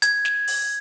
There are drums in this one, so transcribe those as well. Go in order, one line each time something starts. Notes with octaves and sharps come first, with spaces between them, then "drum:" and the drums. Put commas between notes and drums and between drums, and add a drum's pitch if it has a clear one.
G#6, drum: hi-hat
drum: snare
drum: open hi-hat